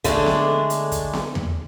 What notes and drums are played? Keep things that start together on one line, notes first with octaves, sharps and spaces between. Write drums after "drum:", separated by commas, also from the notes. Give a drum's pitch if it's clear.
D3 G#3 A3 D4, drum: kick, hi-hat
drum: snare B3
drum: hi-hat
drum: kick, hi-hat
drum: snare B3
drum: tom E2